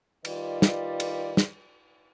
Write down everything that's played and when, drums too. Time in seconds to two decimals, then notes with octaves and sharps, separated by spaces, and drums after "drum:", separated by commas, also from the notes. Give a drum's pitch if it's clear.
0.25 D#3 G3 F4 B4 D5 D#5, drum: cymbal
0.62 drum: snare
1.00 drum: cymbal
1.37 drum: snare